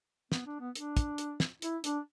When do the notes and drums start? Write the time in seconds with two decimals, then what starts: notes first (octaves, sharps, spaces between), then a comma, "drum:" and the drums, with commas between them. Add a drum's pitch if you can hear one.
0.32 B3, drum: snare
0.46 D4
0.60 B3
0.75 D4, drum: hi-hat
0.97 drum: kick, hi-hat
1.18 drum: hi-hat
1.40 drum: snare
1.62 E4, drum: hi-hat
1.84 D4, drum: hi-hat